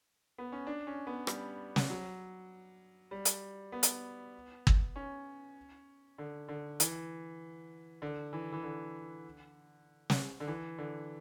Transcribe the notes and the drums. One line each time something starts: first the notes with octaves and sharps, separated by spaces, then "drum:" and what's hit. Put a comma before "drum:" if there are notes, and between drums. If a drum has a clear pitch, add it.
B3
C#4
D4
C#4
B3
G3, drum: rim click
drum: snare
F#3
G3
drum: hi-hat
B3
drum: hi-hat
drum: kick G1
C#4
D3
D3
E3, drum: hi-hat
D3
E3
E3
D3
drum: snare
D3
E3
D3